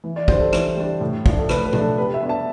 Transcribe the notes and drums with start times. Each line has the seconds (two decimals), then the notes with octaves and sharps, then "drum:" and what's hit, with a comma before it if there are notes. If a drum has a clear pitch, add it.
0.04 E3
0.16 D5
0.28 G3 D4 C5, drum: kick
0.40 A4
0.53 E3, drum: rim click
0.77 G3 D4
1.01 A2
1.26 F3 A3 D4, drum: kick
1.39 A4
1.49 A2 B4, drum: rim click
1.65 B4
1.73 F3 A3 D4, drum: tom B2
1.81 A4
1.98 C3 B4
2.14 E5
2.22 G3 B3 D4
2.29 A5